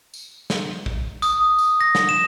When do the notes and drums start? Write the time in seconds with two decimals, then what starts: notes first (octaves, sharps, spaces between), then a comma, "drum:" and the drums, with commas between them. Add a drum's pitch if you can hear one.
0.14 drum: tambourine
0.50 drum: snare
0.86 drum: kick A#1
1.22 D#6, drum: tambourine
1.59 drum: tambourine
1.81 A#6
1.95 drum: snare
2.09 E7